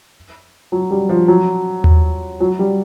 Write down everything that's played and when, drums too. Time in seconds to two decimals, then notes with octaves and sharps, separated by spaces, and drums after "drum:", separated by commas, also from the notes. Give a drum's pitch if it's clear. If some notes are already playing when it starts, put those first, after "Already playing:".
0.72 F#3
0.91 G3
1.09 F3
1.28 F#3
1.84 drum: tom D#2
2.41 F#3
2.59 G3